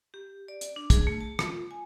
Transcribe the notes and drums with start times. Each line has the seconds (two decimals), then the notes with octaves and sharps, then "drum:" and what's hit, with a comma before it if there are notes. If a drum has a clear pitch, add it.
0.14 G4
0.48 D5
0.61 drum: hi-hat
0.76 D4
0.90 G#4, drum: kick, hi-hat
1.07 A3
1.21 A5
1.39 F4, drum: rim click
1.71 G#5